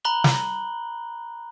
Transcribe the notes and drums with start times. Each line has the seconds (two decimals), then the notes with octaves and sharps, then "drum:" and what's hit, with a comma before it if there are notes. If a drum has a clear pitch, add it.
0.05 A#5 B5 F#6 F#7 G7
0.24 drum: snare